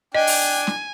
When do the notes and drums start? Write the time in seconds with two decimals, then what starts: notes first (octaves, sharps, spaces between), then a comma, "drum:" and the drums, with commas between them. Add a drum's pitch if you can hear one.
0.15 D4 D#5 G5 G#5
0.27 drum: open hi-hat
0.67 drum: snare